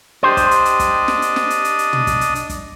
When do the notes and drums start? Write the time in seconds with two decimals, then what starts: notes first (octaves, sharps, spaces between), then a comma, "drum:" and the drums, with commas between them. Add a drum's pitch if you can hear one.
0.23 D4 G4 C5 D#5
0.37 drum: kick, hi-hat
0.51 drum: hi-hat
0.65 drum: hi-hat
0.79 drum: kick, hi-hat
1.08 drum: snare
1.22 drum: hi-hat
1.36 drum: snare
1.50 drum: hi-hat
1.64 drum: hi-hat
1.79 drum: hi-hat
1.93 drum: tom
2.07 drum: kick, hi-hat
2.21 drum: hi-hat
2.35 drum: hi-hat
2.49 drum: kick, hi-hat